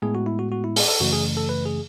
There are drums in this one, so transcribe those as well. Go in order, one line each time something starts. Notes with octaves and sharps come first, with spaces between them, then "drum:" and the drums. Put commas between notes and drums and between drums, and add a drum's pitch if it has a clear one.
A2 G#3 B3 G#4
F#4
E4
F#4
F#4
E4
G#4, drum: open hi-hat
A4
F#2 C#3 E3 A3 F#4
G#4
A4
B4
G#4